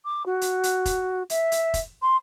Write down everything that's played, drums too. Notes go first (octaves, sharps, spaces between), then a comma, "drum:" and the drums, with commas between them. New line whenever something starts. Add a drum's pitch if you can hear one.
D6
F#4
drum: hi-hat
drum: hi-hat
drum: kick F1, hi-hat
E5, drum: hi-hat
drum: hi-hat
drum: kick F1, hi-hat
C6